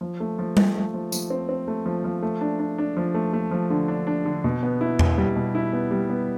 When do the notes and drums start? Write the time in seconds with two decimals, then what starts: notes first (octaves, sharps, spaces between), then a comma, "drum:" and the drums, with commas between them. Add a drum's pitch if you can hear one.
0.01 F3
0.20 A3
0.39 F3
0.57 F3, drum: tom G3
0.75 A3
0.94 F3
1.12 F3, drum: tambourine
1.30 C4
1.49 C4
1.68 A3
1.86 F3
2.04 F3
2.22 A3
2.41 D4
2.59 D4
2.78 D4
2.97 F3
3.14 A3
3.33 A3
3.51 F3
3.70 D3
3.88 D4
4.07 D4
4.25 D3
4.44 B2
4.63 B3
4.81 E4
4.99 B2, drum: tom E2
5.18 G3
5.36 B2
5.55 E4
5.73 B3
5.91 G3
6.10 B3